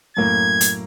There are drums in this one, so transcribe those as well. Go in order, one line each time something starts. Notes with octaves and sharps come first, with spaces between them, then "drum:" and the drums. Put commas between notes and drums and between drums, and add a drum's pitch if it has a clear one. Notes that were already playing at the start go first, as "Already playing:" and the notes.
F#2 A2 A#3 G#6
drum: hi-hat